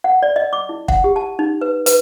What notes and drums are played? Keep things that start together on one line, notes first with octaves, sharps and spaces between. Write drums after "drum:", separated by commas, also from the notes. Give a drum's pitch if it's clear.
F#5
D5
D#5
D6
E4
F#5, drum: kick
G4
A5
D#4
B4
B4, drum: hi-hat